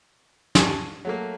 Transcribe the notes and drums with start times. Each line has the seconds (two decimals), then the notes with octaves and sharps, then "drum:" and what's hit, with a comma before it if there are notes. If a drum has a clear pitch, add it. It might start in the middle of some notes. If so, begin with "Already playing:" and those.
0.55 G#5 A5 C6 C#6, drum: snare
1.05 F#3 A3 A#3